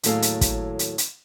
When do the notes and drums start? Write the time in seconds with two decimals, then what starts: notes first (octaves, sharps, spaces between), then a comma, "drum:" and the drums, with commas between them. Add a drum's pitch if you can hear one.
0.03 D#2 A2 F#3 G#4 A4 F5, drum: hi-hat
0.22 drum: hi-hat
0.41 drum: kick, hi-hat
0.79 drum: hi-hat
0.98 drum: hi-hat